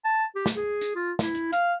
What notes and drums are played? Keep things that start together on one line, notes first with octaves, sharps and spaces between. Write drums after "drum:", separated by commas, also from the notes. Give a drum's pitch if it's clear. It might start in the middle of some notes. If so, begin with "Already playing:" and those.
A5
G4
drum: snare
G#4
drum: hi-hat
F4
E4, drum: snare
drum: hi-hat
F5, drum: hi-hat